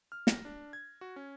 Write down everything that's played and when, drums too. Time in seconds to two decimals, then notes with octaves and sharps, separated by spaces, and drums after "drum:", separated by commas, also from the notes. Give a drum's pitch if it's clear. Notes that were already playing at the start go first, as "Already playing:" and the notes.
0.12 F6
0.27 A#6, drum: snare
0.45 D4
0.73 G#6
1.01 F#4
1.16 C#4